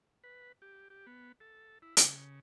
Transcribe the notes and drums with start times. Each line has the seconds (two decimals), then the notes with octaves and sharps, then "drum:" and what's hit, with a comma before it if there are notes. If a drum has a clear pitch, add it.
0.24 B4
0.62 G4
0.90 G4
1.07 B3
1.40 A4
1.82 E4
1.97 C#3, drum: hi-hat